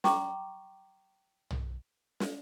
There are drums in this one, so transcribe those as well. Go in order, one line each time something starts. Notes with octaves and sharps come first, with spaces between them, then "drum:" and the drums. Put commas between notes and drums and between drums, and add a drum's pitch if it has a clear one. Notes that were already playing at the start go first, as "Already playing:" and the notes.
G5 A#5 C#6 D6, drum: snare
drum: tom
drum: snare